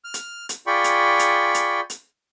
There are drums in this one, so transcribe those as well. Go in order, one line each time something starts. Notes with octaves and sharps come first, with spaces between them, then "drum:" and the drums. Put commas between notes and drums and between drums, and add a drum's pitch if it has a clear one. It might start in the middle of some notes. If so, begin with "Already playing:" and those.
F6
drum: hi-hat
drum: hi-hat
F4 G#4 D5 G5 B5 C#6
drum: hi-hat
drum: hi-hat
drum: hi-hat
drum: hi-hat